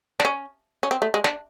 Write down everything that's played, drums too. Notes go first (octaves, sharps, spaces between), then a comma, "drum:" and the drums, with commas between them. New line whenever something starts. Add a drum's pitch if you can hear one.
D4, drum: snare
C#4
C#4
C4
A3
G#3
D4, drum: snare